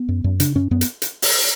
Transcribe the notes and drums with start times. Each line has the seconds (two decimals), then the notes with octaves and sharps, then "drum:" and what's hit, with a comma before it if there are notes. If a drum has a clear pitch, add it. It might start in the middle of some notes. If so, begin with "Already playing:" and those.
Already playing: B3
0.09 F#2
0.24 F#2
0.40 C#3 D4, drum: hi-hat
0.55 F#2 C#4
0.71 F#2 B3
0.81 drum: hi-hat
1.02 drum: hi-hat
1.22 drum: open hi-hat